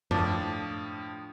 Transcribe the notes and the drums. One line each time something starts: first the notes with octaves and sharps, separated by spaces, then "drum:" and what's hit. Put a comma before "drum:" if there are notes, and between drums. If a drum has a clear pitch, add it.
A2 F3 D4, drum: tom F#2